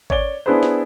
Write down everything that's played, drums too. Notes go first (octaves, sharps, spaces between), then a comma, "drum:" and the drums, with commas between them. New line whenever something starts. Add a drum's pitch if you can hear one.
C#5 D5 G7, drum: kick G#1
B3 D4 E4 G#4 B4 C5
drum: snare